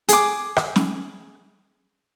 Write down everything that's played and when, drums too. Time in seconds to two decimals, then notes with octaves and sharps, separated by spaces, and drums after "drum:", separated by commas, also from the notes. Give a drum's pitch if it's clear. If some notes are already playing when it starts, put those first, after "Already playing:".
0.09 G#4 D6, drum: hi-hat
0.56 drum: rim click
0.76 drum: snare